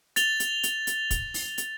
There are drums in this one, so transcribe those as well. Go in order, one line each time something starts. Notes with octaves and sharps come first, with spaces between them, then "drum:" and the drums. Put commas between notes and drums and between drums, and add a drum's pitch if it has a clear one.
A6 F7 G7, drum: hi-hat
drum: hi-hat
drum: hi-hat
drum: hi-hat
drum: kick, hi-hat
drum: open hi-hat
drum: hi-hat